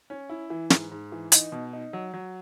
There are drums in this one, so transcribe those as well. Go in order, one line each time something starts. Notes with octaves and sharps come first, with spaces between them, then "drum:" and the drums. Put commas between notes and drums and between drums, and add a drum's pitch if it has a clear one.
C#4
E4
E3
G#2, drum: snare
G#2
E3
D#4, drum: hi-hat
B2
D#4
F#3
F#3